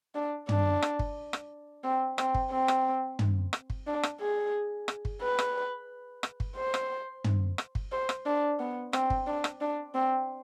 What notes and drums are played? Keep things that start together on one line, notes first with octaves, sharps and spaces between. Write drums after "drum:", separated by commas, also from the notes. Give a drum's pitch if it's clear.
D4
D4, drum: tom
drum: rim click
drum: kick
drum: rim click
C4
C4, drum: rim click
drum: kick
C4
drum: rim click
drum: tom
drum: rim click
drum: kick
D4
drum: rim click
G#4
drum: rim click
drum: kick
B4
drum: rim click
drum: rim click
drum: kick
C5
drum: rim click
drum: tom
drum: rim click
drum: kick
C5
drum: rim click
D4
B3
C4, drum: rim click
drum: kick
D4
drum: rim click
D4
C4